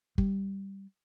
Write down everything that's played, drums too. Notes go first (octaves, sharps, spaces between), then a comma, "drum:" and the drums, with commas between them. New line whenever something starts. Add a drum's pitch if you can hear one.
G3, drum: kick